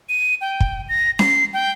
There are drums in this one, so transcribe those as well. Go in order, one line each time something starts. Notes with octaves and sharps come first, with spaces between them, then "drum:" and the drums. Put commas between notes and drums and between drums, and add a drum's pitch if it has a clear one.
D#7
G5
drum: kick
A#6
C7, drum: snare C#4
G5